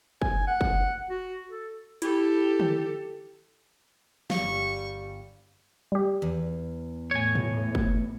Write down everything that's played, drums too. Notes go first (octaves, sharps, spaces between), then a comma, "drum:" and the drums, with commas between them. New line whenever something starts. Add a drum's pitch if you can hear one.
G#5, drum: kick
F#5
drum: kick
F#4
A4
E4 G4 A4, drum: hi-hat
drum: tom D3
G1 G3 F5 C#6, drum: snare
G3 G4
E2
A2 C#5 G#5
drum: tom A2
drum: kick